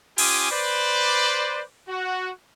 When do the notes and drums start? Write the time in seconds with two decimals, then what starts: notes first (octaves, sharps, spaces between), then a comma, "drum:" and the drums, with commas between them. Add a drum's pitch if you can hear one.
0.18 C#4 F4 G4 G#5 D6 D#6, drum: cymbal
0.51 B4 C5 D5
1.89 F#4